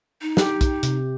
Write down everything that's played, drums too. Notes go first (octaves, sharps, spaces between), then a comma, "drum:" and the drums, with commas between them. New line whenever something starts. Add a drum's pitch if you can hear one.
D#4
G4, drum: snare
drum: kick B1, hi-hat
C3, drum: hi-hat